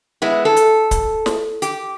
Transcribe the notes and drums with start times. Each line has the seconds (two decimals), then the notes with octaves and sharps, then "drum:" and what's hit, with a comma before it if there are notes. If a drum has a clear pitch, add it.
0.22 G#3 B3 E4
0.45 A4
0.56 drum: hi-hat
0.91 drum: kick C#1, hi-hat
1.26 drum: snare
1.62 G4, drum: hi-hat